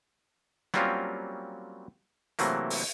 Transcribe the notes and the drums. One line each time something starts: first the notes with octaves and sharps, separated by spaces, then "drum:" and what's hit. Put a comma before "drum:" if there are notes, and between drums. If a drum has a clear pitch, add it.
F#3 G3 A#3 C4 C#4 F4, drum: rim click
C3 E3 F#3 A3 A#3, drum: hi-hat
drum: open hi-hat